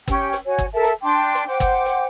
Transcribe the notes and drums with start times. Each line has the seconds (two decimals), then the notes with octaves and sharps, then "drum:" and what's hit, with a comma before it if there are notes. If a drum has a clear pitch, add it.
0.08 C#4 G4 G5, drum: kick G1, hi-hat
0.33 drum: hi-hat
0.45 F#4 C#5 G#5
0.58 drum: kick G1
0.73 A4 A#4 E5 A5
0.84 drum: hi-hat
1.01 D4 G5 C6 D6
1.35 drum: hi-hat
1.46 C5 F#5 G5 D6
1.60 drum: kick G1, hi-hat
1.86 drum: hi-hat